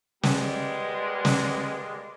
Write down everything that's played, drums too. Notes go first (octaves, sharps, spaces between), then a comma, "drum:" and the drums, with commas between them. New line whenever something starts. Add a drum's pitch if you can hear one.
G3 G#3 A#3 B3 D5 D#5, drum: snare
drum: snare